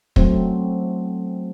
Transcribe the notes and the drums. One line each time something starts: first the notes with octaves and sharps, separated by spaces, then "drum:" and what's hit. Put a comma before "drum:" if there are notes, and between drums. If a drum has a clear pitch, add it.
F#3 A3 C4, drum: kick